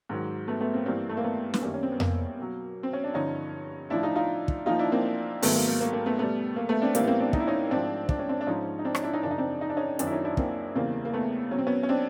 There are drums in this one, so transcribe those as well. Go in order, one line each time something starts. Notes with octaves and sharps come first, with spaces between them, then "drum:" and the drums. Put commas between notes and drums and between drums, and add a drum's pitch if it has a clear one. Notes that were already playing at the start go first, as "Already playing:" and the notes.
G#2 D#3 F#3
A3 B3
A3 B3
A#3 C4
G2 E3 G3 A#3 C4
A3
A#3
A3 B3
B3, drum: snare
F#2 D#3 G3 A#3
C#4
C4
B3
A#3, drum: tom F2
B2 F#3
C4
C#4
D4
G2 D3 F3 C#4 D#4
A2 F3 D4 E4
D#4 F4
D#4 F4
drum: kick
A#2 F3 D#4 F4
D4 E4
A#3 C4
G#2 D#3 F#3 A3 B3, drum: open hi-hat
A#3
A#3
A#3
A#3
A3 B3
B2 G3 A3 B3
A#3
A3 B3
C4 D4
A2 E3 G3 A#3 C4, drum: hi-hat
B3
A#3 C4
C4 D4
D#4, drum: kick
E4
C#4 D#4
G#2 F3 C4 D4
D4, drum: kick
C#4
C4 D4
D4
G#2 F3 C#4 D#4
D#4
C4 D4
C#4 D#4, drum: rim click
D4 E4
C#4 D#4
F#2 C#3 F3 D4
D#4
C4 D4
D#4
D4
C#4 D#4
F#2 D#3 F#3 C4 D4, drum: hi-hat
E4
C#4 D#4
D4 E4
A#3 C4, drum: kick
E2 C#3 E3 G3 A#3 C4
A#3
A3 B3
B2 F#3 C#4
C4
B3 C#4
C#4
C4 D4